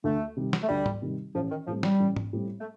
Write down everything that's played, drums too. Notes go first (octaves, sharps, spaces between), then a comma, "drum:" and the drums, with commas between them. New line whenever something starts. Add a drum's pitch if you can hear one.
D2 A3
C3 D#3 G3
drum: snare
A3
D2 G3
drum: tom G#2
C3 D#3 G3
A1 F3
D#3
A2 F3 G3 C4
G3, drum: snare
A1
drum: tom G#2
A2 G3 C4
A3